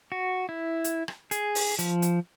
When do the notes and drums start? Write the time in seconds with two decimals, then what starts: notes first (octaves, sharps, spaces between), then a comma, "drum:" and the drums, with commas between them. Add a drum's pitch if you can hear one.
0.12 F#4
0.49 E4
0.84 drum: hi-hat
1.08 drum: rim click
1.31 G#4, drum: hi-hat
1.55 drum: open hi-hat
1.79 F3, drum: hi-hat
2.02 drum: hi-hat